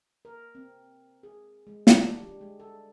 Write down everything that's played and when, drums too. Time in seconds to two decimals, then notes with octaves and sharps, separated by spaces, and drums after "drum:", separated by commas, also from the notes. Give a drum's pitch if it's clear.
0.25 A#4
0.55 C4
1.23 G#4
1.67 G#3
1.87 D4, drum: snare
2.19 G3
2.41 G#3
2.60 A4